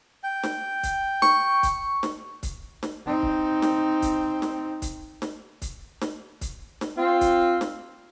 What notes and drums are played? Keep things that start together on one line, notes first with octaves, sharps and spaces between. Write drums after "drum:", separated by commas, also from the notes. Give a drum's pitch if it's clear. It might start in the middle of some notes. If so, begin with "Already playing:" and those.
G5
drum: snare
drum: kick, hi-hat
C#6, drum: snare
drum: kick, hi-hat
drum: snare
drum: kick, hi-hat
drum: snare
C4 D#4
drum: kick
drum: snare
drum: kick, hi-hat
drum: snare
drum: kick, hi-hat
drum: snare
drum: kick, hi-hat
drum: snare
drum: kick, hi-hat
drum: snare
C4 F4
drum: kick, hi-hat
drum: snare